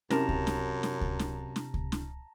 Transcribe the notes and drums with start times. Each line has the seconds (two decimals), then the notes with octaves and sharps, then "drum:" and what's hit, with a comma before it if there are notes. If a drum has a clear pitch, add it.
0.10 F#2 C3 C#4 E4 A#4 A5 A#5 A#6, drum: snare
0.29 drum: kick C#2
0.47 drum: snare
0.83 drum: snare
1.01 drum: kick C#2
1.19 drum: snare
1.56 drum: snare
1.74 drum: kick C#2
1.92 drum: snare